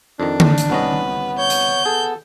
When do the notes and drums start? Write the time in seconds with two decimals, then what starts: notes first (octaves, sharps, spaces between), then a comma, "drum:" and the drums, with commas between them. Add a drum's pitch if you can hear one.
0.20 F2 D#3 D4
0.40 drum: tom D3
0.58 drum: hi-hat
0.70 C2 B3 C#4 B4 D#5
1.38 C#5 G6
1.50 drum: hi-hat
1.86 G#4 A4